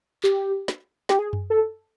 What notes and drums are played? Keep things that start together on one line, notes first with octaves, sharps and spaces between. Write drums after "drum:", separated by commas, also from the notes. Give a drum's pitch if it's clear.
G4, drum: clap
drum: snare
G4, drum: snare
G#4
drum: tom F#2
A4